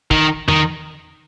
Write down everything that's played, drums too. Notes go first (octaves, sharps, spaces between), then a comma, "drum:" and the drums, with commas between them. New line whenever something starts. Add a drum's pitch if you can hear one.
D#3, drum: kick
D#3, drum: tom E2